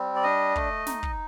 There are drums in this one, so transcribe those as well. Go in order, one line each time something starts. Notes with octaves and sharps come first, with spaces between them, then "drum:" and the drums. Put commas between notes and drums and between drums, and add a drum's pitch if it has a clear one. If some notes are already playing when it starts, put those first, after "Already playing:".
Already playing: G3 C4
D5
D4 D#5
A3, drum: kick
D#4, drum: snare
drum: kick